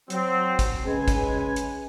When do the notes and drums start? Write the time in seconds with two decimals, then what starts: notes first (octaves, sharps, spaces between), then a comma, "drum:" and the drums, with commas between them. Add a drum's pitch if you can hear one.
0.10 F#3 C4, drum: hi-hat
0.59 drum: kick G#1, hi-hat
0.86 C#3 G#3 C#4 B4 G#5
1.08 drum: kick G#1, hi-hat
1.56 drum: hi-hat